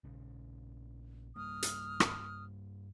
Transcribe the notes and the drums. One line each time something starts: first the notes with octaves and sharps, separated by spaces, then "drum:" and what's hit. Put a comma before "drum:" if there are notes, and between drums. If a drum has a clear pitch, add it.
A#1 C#3
G2 G3 A#3 D#6 F6
drum: hi-hat
drum: rim click